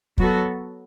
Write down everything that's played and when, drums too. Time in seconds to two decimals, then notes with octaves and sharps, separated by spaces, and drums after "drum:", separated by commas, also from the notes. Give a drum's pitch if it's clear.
0.18 F#3 B3 F#4 A4, drum: kick